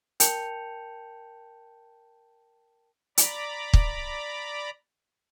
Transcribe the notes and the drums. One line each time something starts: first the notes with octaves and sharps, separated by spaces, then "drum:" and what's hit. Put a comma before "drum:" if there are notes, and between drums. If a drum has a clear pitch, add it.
A#4 G5 A5 G6 C#7 F7, drum: hi-hat
D5 A#5 B5 D6, drum: hi-hat
drum: kick